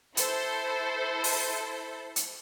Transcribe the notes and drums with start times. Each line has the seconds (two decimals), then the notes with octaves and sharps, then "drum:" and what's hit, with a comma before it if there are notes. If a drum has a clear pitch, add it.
0.17 E4 A4 C5, drum: hi-hat
1.24 drum: open hi-hat
2.16 drum: hi-hat